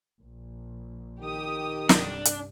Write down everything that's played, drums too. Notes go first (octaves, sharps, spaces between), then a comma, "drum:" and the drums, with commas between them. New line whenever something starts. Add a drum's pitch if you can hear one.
A#1
D#3 G4 D#6
C2 G2 D4, drum: snare
drum: hi-hat